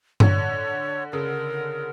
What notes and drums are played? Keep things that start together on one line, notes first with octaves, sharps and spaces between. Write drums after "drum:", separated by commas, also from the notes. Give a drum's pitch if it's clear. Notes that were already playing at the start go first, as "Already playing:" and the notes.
D3 C#5, drum: tom G2
C#3 A#4